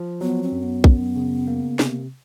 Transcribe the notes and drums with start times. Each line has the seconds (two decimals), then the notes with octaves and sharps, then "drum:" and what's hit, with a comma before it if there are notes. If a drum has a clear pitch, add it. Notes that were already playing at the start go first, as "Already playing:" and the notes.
Already playing: F3
0.21 F#3 B3
0.43 C4
0.52 F#2
0.63 B3
0.84 F#2, drum: kick A#1
1.16 C#3
1.47 A#3
1.79 C3, drum: snare